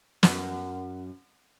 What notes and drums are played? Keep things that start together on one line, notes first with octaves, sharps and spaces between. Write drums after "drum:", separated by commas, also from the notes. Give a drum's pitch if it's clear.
F#2, drum: snare